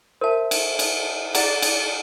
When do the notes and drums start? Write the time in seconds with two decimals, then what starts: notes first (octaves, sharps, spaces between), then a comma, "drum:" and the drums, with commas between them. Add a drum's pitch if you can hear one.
0.21 A#4 C5 E5 A5
0.51 drum: cymbal
0.79 drum: cymbal
1.35 G#4 D5 F#5 A#5, drum: cymbal
1.62 drum: cymbal